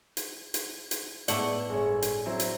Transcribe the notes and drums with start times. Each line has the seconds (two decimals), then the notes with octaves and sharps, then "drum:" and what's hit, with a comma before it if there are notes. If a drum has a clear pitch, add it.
0.17 drum: hi-hat
0.54 drum: hi-hat
0.91 drum: hi-hat
1.28 A2 A3 B3 D5 F#5, drum: hi-hat
1.69 G1 G#4 C#5
2.02 drum: hi-hat
2.26 F#3 C4 E4
2.40 drum: hi-hat